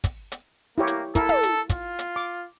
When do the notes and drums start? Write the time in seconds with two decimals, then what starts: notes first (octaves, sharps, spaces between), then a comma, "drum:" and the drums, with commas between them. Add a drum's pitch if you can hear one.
0.04 drum: kick, hi-hat
0.32 drum: hi-hat
0.78 A#3 E4 G4 C#5
0.87 drum: hi-hat
1.15 E4 A4 A#4, drum: kick, hi-hat
1.29 drum: tom
1.43 drum: hi-hat
1.70 F4, drum: kick, hi-hat
1.99 drum: hi-hat
2.16 D6